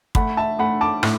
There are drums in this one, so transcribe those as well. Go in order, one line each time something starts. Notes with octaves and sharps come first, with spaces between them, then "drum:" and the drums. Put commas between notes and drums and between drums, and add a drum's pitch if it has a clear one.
A3 F#5 B5, drum: kick
E5 A5
A3 F#5 B5
A5 D6
A2, drum: rim click